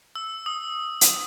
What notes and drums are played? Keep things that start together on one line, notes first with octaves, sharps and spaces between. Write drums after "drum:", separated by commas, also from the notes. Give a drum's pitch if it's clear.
E6
D#6
drum: hi-hat